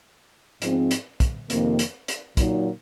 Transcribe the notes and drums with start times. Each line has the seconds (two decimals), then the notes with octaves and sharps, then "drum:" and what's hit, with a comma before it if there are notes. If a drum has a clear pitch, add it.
0.62 G#2 F3 G#3 C4, drum: hi-hat
0.91 drum: hi-hat
1.20 drum: kick, hi-hat
1.50 F2 C3 D#3 A#3, drum: hi-hat
1.79 drum: hi-hat
2.08 drum: hi-hat
2.37 A#2 F#3 A#3 D#4, drum: kick, hi-hat